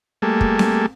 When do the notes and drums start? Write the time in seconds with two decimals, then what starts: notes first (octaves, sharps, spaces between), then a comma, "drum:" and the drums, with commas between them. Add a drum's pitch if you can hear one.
0.22 G3 A3 A#3 G#4 A4
0.41 drum: kick
0.59 drum: snare C4